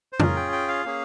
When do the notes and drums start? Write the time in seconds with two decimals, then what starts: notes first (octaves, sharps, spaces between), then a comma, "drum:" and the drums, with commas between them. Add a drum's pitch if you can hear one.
0.13 C5
0.20 C#4 F4 G#4 A#4, drum: tom F2
0.36 G5
0.52 G5
0.68 F5
0.85 A#3 C#4 G#4